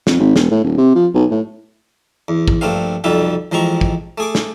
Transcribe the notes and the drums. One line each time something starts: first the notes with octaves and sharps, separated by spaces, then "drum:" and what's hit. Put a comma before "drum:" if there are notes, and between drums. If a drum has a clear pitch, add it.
F2, drum: snare
G#1
E1, drum: snare
A2
D#1
C3
F3
B1
A2
E2
drum: kick
A#1 G2 A3 C4 F5
B1 F2 C3 G3 F4 E5
A1 F3 G#3 C4 A#5 C#6
drum: kick
A3 G#4 D6
drum: snare